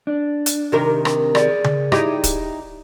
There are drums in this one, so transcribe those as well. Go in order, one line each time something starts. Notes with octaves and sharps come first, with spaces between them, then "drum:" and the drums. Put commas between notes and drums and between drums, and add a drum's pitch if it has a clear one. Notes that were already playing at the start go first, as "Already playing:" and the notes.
D4
drum: hi-hat
C3 D#3 A#4
drum: rim click
G#4 D5, drum: rim click
drum: tom C#3
D#4 E4 G4, drum: rim click
drum: kick, hi-hat